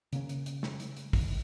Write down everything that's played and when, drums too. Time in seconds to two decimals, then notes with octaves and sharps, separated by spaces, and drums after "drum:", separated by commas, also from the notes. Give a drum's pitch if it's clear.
0.13 C#3 A#3 C#4, drum: hi-hat
0.29 drum: hi-hat
0.46 drum: hi-hat
0.63 drum: snare
0.80 drum: hi-hat
0.97 drum: hi-hat
1.13 drum: kick, open hi-hat